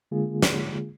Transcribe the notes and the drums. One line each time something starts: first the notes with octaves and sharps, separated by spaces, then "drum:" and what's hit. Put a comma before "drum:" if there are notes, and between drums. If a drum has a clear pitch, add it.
D3 G#3 A#3 F4 G#4
drum: snare